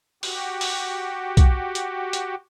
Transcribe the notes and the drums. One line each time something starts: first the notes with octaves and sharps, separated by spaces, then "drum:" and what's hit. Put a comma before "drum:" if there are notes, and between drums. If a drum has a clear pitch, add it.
F#4 G4, drum: open hi-hat
drum: open hi-hat
drum: kick, hi-hat
drum: hi-hat
drum: hi-hat